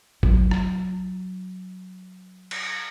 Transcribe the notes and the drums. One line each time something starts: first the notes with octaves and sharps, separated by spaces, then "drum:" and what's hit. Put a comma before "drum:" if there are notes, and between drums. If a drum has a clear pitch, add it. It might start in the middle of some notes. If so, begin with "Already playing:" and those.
F#3 F4, drum: kick G#1
drum: rim click
drum: cymbal